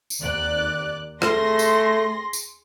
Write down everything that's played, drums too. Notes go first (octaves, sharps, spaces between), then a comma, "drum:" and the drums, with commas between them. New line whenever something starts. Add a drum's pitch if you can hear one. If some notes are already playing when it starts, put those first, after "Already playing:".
drum: tambourine
D#2 D5 F#6
A3 G#4 C6 A#6, drum: rim click
drum: tambourine
drum: tambourine